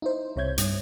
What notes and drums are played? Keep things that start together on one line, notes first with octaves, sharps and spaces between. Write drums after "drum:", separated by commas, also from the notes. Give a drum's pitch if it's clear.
D#4 E4 C5
C2 C3 C#5 E5 G6 G#6
G2, drum: hi-hat